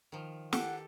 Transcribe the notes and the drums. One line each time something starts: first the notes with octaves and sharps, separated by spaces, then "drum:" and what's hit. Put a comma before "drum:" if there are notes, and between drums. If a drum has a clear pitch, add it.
D#3 F3
G4 A4 F#5, drum: snare